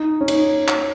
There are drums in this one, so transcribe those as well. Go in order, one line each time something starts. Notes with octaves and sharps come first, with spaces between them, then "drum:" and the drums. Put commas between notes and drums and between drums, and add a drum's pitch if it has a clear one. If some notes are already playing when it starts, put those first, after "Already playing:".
Already playing: D#4
C#4
D#4, drum: cymbal
drum: clap